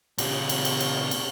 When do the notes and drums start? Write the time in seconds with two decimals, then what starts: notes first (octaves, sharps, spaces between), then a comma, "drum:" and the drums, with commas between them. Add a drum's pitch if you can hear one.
0.18 A#2 C#3, drum: cymbal
0.49 drum: cymbal
0.65 drum: cymbal
0.80 drum: cymbal
1.11 drum: cymbal